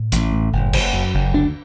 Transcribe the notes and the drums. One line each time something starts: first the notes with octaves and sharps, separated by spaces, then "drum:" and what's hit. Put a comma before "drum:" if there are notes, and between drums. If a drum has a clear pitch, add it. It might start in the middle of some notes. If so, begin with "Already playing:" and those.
Already playing: A2
A1, drum: hi-hat
A2
F#1
F#1, drum: cymbal
F#2
F#1
D2 D4